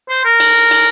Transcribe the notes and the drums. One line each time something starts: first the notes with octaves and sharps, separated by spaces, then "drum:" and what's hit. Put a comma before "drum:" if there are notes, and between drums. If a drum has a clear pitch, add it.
C5
A#4
drum: cymbal
drum: cymbal